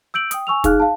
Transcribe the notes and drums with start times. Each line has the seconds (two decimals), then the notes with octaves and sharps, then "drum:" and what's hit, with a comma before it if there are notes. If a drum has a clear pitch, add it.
0.14 E6 G6 D7 F#7
0.31 G5 D#6, drum: hi-hat
0.47 G#5 C#6 E6 F7
0.64 D#4 G#4 F5 F6 F#6, drum: kick, hi-hat
0.80 F5 A5